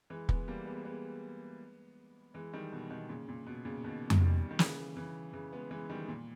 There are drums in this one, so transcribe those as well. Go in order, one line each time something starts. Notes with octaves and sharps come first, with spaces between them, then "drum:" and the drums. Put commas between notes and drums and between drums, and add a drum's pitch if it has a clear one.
E3 G#3
G#3 B3, drum: kick
G3 A#3
G#3 B3
A#3
G#3 B3
E3 G#3
D#3 G3
B2
B2 D#3
A#2 C#3
A#2
B2
A#2 C#3
B2 D#3
drum: tom F2
D#3 G3
D#3
C#3 E3, drum: snare
C#3 E3
C#3 E3
G#3 B3
E3 G#3
D#3 G3
A#2